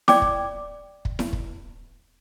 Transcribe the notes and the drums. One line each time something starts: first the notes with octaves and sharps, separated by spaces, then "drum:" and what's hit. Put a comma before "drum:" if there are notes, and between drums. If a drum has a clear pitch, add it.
D5 G5 D6, drum: snare E4
drum: kick
drum: kick
drum: snare E4
drum: kick